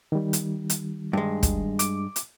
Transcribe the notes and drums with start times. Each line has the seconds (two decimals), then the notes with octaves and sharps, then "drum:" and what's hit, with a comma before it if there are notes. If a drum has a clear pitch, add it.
0.12 D#3 G3
0.33 drum: hi-hat
0.70 drum: hi-hat
1.13 G2 G#3
1.43 drum: kick, hi-hat
1.79 D6, drum: hi-hat
2.16 drum: hi-hat